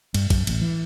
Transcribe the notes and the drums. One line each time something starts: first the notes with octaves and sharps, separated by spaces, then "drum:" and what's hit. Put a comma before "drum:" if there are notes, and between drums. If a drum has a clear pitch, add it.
G2, drum: cymbal
F#2, drum: kick, cymbal
A1, drum: cymbal
E3